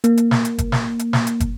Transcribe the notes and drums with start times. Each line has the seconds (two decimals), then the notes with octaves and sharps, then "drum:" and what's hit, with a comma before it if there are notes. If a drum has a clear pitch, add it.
0.04 A#3, drum: hi-hat
0.17 drum: hi-hat
0.31 drum: snare
0.45 drum: hi-hat
0.58 drum: kick, hi-hat
0.72 drum: snare
0.99 drum: hi-hat
1.13 drum: snare
1.27 drum: hi-hat
1.40 drum: kick, hi-hat